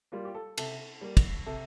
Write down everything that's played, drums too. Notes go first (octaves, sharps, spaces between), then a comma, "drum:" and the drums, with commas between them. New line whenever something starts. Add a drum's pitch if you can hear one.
G3 A#3 F4
G4
A4
C3 A4, drum: cymbal
G3 A#3
drum: kick, cymbal
C3 A4